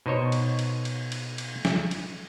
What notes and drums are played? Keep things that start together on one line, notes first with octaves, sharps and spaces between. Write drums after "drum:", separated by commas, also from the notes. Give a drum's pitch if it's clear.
B2 D#4 C5 C#5
drum: cymbal
drum: cymbal
drum: cymbal
drum: cymbal
drum: cymbal
drum: snare
drum: cymbal